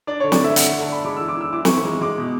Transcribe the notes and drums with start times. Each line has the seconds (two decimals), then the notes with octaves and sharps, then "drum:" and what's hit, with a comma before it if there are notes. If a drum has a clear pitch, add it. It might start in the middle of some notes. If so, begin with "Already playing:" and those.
0.07 D4 D5
0.20 D3 C#5
0.32 D5, drum: snare
0.40 A3 E5
0.56 D3 F#5, drum: hi-hat
0.72 D3
0.81 A5
0.88 D4 B5
1.05 G#3 D6
1.17 E3 E6
1.28 D6
1.37 E3 E6
1.53 E3 D6
1.65 C#6, drum: snare
1.69 E3
1.77 C#6
1.85 G#3
2.01 G#3 D6
2.18 B2